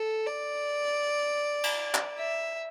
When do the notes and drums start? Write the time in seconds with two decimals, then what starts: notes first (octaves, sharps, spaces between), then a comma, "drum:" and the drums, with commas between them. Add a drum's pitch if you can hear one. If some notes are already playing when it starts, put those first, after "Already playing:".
Already playing: A4
0.26 D5
1.64 drum: cymbal
1.94 drum: clap
2.18 E5